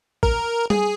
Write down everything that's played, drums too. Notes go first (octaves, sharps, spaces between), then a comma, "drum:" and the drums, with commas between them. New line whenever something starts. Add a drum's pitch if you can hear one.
A#4, drum: kick A1
G#4, drum: tom G3